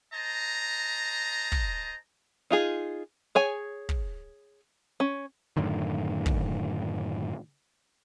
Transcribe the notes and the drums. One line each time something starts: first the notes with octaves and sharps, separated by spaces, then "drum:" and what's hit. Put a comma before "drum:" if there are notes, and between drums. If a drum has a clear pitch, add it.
C5 D#5 A5 A#5
drum: kick
D#4 F4 G#4
G#4 C#5 G#5
drum: kick
C#4
F#2 A2 D3 D#3
drum: kick